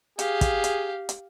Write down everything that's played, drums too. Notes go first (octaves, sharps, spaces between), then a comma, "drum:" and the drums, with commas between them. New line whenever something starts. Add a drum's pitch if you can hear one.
G4 G#4 F5, drum: hi-hat
drum: kick, hi-hat
drum: hi-hat
drum: hi-hat